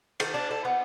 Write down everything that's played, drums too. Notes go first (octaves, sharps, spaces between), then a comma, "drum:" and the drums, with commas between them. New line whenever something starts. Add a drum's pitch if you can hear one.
D#3, drum: cymbal
D4
A4
B3